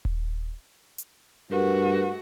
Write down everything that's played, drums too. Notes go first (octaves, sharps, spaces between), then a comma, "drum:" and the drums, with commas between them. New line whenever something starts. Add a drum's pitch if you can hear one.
drum: kick D#1
drum: hi-hat
G2 A3 F#4 G4 A#4 B4